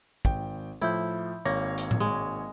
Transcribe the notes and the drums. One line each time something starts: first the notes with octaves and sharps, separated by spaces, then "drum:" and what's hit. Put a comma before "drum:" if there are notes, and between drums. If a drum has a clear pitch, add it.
G#1 G5, drum: kick
A2 F3 E4 G6
G#1 A#3 C#5 A#6
drum: hi-hat
drum: tom A2
G#3